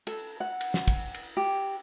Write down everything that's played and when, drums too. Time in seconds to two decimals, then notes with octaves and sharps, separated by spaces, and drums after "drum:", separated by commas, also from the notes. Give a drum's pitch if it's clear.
0.07 A4, drum: cymbal
0.40 F#5
0.61 drum: cymbal
0.74 drum: snare
0.88 drum: kick, cymbal
1.14 drum: cymbal
1.37 G4